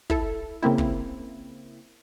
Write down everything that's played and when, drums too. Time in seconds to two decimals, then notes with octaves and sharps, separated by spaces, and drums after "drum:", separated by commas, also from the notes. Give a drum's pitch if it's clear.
0.10 E4 A4, drum: kick
0.63 C#3 A#3 C4 E4
0.78 drum: kick